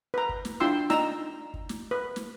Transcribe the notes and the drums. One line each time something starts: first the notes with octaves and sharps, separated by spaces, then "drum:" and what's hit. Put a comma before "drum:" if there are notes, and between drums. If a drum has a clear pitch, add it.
B4 A#5
drum: kick
drum: snare
D4 E4 F4 G5 C6 E6
D#4 D5 A#5 E6, drum: snare
drum: kick
drum: snare
B4
drum: snare